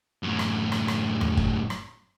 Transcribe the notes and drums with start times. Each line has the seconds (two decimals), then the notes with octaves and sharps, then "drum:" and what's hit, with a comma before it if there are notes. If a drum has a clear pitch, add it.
0.23 F#2 A2
0.39 drum: rim click
0.72 drum: rim click
0.88 drum: rim click
1.21 drum: tom E2
1.37 drum: kick
1.70 drum: rim click